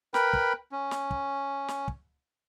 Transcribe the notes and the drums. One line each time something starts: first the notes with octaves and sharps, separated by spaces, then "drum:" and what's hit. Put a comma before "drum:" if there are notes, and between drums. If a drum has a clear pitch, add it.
A#4 B4 G5 B5, drum: snare
drum: kick
C#4
drum: snare
drum: kick
drum: snare
drum: kick